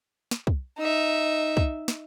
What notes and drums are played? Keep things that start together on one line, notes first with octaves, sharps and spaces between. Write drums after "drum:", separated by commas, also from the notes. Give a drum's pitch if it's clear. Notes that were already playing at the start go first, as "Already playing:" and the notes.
drum: snare
drum: kick
D#4 E5
drum: kick
drum: snare